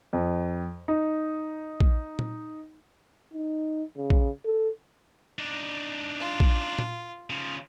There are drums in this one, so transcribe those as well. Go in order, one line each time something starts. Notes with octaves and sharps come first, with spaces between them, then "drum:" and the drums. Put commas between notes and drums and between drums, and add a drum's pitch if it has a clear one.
F2
D#4
drum: kick
drum: tom A#2
D#4
C#3
drum: kick
A4
D4 D#4
F4
drum: kick
drum: tom A#2
C#3 F3